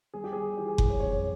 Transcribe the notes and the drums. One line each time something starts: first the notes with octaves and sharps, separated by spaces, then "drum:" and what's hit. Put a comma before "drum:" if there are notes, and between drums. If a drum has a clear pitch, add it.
G3 G#4
G4
G3 G#4
E3 G4
G#4
E3, drum: kick F#1
C#5
F2 C#5